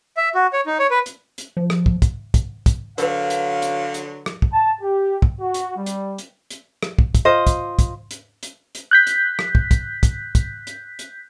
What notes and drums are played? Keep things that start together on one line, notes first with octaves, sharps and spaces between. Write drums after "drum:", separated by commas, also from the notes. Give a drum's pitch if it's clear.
E5
F#4
C#5
D#4
C#5
B4
drum: hi-hat
drum: hi-hat
F3
drum: rim click
drum: kick
drum: kick, hi-hat
drum: kick, hi-hat
drum: kick, hi-hat
D3 F#3 A#4 B4 F5, drum: hi-hat
drum: hi-hat
drum: hi-hat
drum: hi-hat
drum: rim click
drum: kick
A5
G4
drum: kick
F#4
drum: hi-hat
G3
drum: hi-hat
drum: hi-hat
drum: hi-hat
drum: rim click
drum: kick
drum: kick, hi-hat
F4 C5 D#5
drum: kick, hi-hat
drum: kick, hi-hat
drum: hi-hat
drum: hi-hat
drum: hi-hat
F#6 G6 B6
drum: hi-hat
drum: rim click
drum: kick
drum: kick, hi-hat
drum: kick, hi-hat
drum: kick, hi-hat
drum: hi-hat
drum: hi-hat